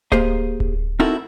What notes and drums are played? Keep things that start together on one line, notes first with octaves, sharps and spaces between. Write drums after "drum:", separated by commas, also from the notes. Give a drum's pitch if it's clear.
A#3 G4 G#4 C5 D#5, drum: kick D1
drum: kick D1
C4 D#4 E4 F#4 A4 A#4